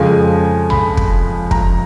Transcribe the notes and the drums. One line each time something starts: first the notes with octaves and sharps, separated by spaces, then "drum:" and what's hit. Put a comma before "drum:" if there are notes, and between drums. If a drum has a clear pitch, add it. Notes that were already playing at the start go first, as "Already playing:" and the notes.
Already playing: F2 C#3 F3 G#3 G#5
B5, drum: tom A#1
drum: kick
A#5, drum: kick